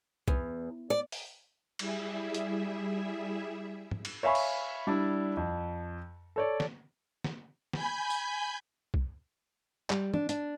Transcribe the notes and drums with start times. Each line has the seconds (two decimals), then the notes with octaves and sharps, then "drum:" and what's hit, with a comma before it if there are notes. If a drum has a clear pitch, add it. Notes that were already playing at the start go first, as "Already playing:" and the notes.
0.28 E2, drum: kick C2
0.90 D5
1.12 drum: open hi-hat
1.79 G3 E4 G#4 E5, drum: cymbal
2.34 drum: hi-hat
3.91 drum: tom
4.05 drum: cymbal
4.23 C#5 E5 F5 G#5 B5 C#6
4.35 drum: cymbal
4.87 G3 D4 E4
5.37 F2
6.36 A4 C#5 D5
6.60 drum: snare
7.24 drum: snare
7.73 G#5 B5 G6, drum: snare
8.10 drum: tambourine
8.94 drum: kick C2
9.90 G3, drum: clap
10.14 D4, drum: tom
10.29 D4, drum: hi-hat